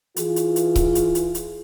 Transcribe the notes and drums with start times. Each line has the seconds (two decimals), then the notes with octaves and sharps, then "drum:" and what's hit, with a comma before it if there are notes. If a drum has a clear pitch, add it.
0.16 E3 F4 G#4, drum: hi-hat
0.36 drum: hi-hat
0.56 drum: hi-hat
0.76 drum: kick C#1, hi-hat
0.95 drum: hi-hat
1.15 drum: hi-hat
1.35 drum: hi-hat